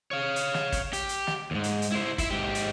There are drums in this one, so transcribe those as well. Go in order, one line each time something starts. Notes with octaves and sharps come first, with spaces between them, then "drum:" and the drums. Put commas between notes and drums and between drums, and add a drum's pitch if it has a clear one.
C#5 F5
drum: hi-hat
drum: snare
drum: kick, hi-hat
G4, drum: hi-hat
drum: hi-hat
drum: snare
D#2 G#2
drum: hi-hat
drum: hi-hat
E4 C5
E4 E5, drum: kick, hi-hat
G#2 G4
drum: hi-hat